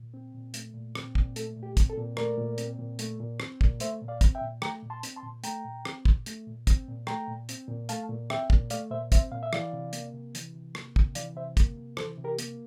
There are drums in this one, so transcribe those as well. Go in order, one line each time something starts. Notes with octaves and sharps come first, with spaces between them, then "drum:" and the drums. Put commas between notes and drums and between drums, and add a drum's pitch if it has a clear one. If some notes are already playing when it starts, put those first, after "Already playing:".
Already playing: A#2
C4
A#2
A3, drum: hi-hat
A#2
C4, drum: rim click
A#2, drum: kick
A3 A4, drum: hi-hat
A#2
G4
C4, drum: kick, hi-hat
A4
A#2
A3 A#4 D5, drum: rim click
A#2
C4, drum: hi-hat
A#2
A3, drum: hi-hat
A#2
C4, drum: rim click
A#2, drum: kick
A3 C5 E5, drum: hi-hat
A#2
D5 F5
C4, drum: kick, hi-hat
E5 G5
A#2
A3 G5 A#5, drum: rim click
A#2
A5 C6
C4, drum: hi-hat
A5 C6
A#2
A3 G5 A#5, drum: hi-hat
A#2
C4, drum: rim click
A#2, drum: kick
A3, drum: hi-hat
A#2
C4, drum: kick, hi-hat
A#2
A3 G5 A#5, drum: rim click
A#2
C4, drum: hi-hat
A#2
A3 F5 A5, drum: hi-hat
A#2
C4 E5 G5, drum: rim click
A#2, drum: kick
A3 D5 F5, drum: hi-hat
A#2 C5 E5
C4 C5 E5, drum: kick, hi-hat
A#2 F5
E5
E3 D5 F5, drum: rim click
C3
A#3, drum: hi-hat
C3
E3, drum: hi-hat
C3
A#3, drum: rim click
C3, drum: kick
E3 D5 F5, drum: hi-hat
C3 C5 E5
A#3, drum: kick, hi-hat
C3
E3 A4 C5, drum: rim click
C3
G4 A#4
A#3, drum: hi-hat